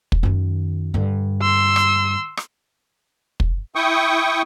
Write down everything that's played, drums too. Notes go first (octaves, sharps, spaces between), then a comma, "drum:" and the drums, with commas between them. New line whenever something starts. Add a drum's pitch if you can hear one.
drum: kick
F#2 D#3
G2 D3
C6 E6
drum: rim click
drum: rim click
drum: kick
E4 G5 C#6 D#6